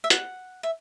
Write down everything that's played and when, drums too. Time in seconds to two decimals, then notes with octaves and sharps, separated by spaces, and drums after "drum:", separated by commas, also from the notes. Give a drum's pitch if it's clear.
0.04 E5
0.10 F#5, drum: hi-hat
0.63 E5